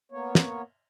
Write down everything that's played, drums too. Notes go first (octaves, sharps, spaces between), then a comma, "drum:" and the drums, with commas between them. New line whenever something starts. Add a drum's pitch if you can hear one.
A#3 B3 C#5
drum: snare